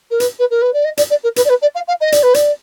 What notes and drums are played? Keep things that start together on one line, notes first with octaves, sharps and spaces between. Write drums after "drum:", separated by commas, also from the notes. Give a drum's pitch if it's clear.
A#4
B4, drum: hi-hat
B4
A#4
B4
D5
D#5
D5, drum: hi-hat
D5
A#4
B4, drum: hi-hat
D5
B4
D5
F5
F5
D#5
D5, drum: hi-hat
B4
D5, drum: hi-hat